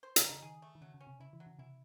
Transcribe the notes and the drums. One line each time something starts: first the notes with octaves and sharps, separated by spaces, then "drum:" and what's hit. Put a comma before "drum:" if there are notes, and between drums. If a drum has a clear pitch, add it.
C5
C#3, drum: hi-hat
D#4
C#3
D#3 G#4
A3
D#3
C#3 F#3
C#3
C#4
C3
C#3 E4
E3
F#3
C#3
C3 E4